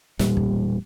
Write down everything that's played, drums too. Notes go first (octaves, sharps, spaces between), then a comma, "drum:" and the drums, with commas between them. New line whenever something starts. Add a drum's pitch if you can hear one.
E1 A#2 G3, drum: snare
drum: kick